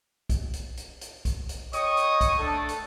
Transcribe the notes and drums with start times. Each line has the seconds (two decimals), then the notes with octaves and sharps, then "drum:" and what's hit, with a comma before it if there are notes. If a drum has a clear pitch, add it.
0.30 drum: kick, hi-hat
0.53 drum: hi-hat
0.77 drum: hi-hat
1.01 drum: hi-hat
1.25 drum: kick, hi-hat
1.49 drum: hi-hat
1.73 C#5 D#5 G5 C#6 D#6, drum: hi-hat
1.97 drum: hi-hat
2.21 drum: kick, hi-hat
2.39 A3 D4 A4
2.69 drum: hi-hat